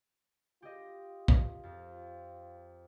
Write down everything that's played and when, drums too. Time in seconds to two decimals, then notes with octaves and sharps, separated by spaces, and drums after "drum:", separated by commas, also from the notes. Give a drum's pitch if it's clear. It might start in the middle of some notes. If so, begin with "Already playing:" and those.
0.62 F4 G4 D#5
1.28 drum: kick
1.63 F2